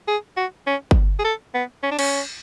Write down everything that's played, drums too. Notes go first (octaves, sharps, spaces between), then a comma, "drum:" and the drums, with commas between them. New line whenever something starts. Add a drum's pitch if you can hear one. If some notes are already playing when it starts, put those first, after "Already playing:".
G#4
F#4
C#4
drum: kick G1
G#4
A4
B3
C#4
D4
C#4, drum: cymbal